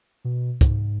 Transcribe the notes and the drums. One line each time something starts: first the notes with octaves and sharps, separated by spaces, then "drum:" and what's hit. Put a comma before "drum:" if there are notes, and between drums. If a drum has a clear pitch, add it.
B2
G#2, drum: kick, hi-hat